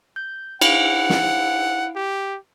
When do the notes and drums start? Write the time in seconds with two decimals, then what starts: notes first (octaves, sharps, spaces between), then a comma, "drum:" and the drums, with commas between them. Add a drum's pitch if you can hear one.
0.16 G6
0.61 E4 F5 F#5 D7, drum: cymbal
1.10 drum: snare
1.95 G4